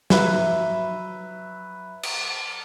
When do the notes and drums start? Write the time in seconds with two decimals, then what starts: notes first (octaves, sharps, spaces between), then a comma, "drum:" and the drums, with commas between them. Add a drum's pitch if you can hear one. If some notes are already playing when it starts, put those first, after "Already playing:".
0.10 F#3 B4 E5, drum: snare
2.03 drum: cymbal